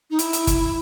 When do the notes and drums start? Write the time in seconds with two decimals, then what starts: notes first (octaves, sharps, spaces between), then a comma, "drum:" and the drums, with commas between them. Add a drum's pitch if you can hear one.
0.10 D#4
0.19 E4, drum: hi-hat
0.33 drum: hi-hat
0.47 drum: kick G1, hi-hat